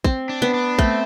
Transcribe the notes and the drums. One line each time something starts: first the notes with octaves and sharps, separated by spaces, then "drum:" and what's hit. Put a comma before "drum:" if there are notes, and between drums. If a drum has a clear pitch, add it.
C4, drum: kick
D4
B3
D4
A3 C4, drum: kick